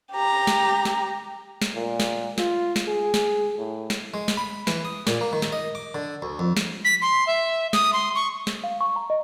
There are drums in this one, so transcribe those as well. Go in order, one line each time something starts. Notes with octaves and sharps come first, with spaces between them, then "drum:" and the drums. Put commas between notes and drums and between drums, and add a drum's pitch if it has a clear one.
G4 A#5
drum: snare
drum: snare
drum: snare
A#2
drum: snare
F4, drum: snare
drum: snare
G#4
drum: snare
A2
drum: snare
G#3
drum: snare
B5
E3, drum: snare
D#6
A#2, drum: snare
A#3
D#3
drum: snare
D#5
D6
D3
D2
F2
drum: snare
B6
C6
E5
D#6, drum: snare
C6
C#6
drum: snare
F5
C#6
A#5
D#5